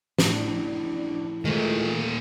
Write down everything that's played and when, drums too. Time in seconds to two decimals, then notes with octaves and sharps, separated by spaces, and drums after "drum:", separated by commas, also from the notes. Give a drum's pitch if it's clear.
0.19 A2 D4, drum: snare
1.45 F2 A#2 D#3 E3 G#3 A3